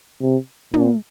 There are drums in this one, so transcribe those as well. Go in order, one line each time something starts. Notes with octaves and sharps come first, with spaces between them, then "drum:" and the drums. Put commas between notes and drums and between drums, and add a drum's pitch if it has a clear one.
C3
A#2, drum: tom